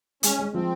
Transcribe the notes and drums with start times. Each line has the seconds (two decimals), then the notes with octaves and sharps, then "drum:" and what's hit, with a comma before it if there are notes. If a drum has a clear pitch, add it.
0.23 G#3 C#4, drum: hi-hat
0.39 G#3
0.54 F3 C4